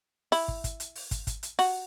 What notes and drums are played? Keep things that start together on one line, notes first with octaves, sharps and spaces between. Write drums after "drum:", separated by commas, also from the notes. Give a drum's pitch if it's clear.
E4, drum: open hi-hat
drum: kick
drum: kick, hi-hat
drum: hi-hat
drum: open hi-hat
drum: kick, hi-hat
drum: kick, hi-hat
drum: hi-hat
F#4, drum: open hi-hat